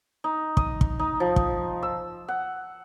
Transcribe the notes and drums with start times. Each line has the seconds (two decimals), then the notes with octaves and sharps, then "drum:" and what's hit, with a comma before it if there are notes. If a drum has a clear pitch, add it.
0.24 D#4
0.57 D#6, drum: kick
0.81 drum: kick
0.99 D#4
1.20 F3
1.36 drum: kick
1.83 E6
2.28 F#5